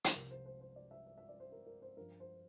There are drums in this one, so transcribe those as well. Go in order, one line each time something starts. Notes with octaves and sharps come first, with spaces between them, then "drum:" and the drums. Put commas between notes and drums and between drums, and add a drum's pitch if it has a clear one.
drum: hi-hat
C2 C3 F3 A#4
C5
C5
C5
D5
E5
E5
E5
D5
C5
A#4
A#4
C5
G2 F3 A#4
C5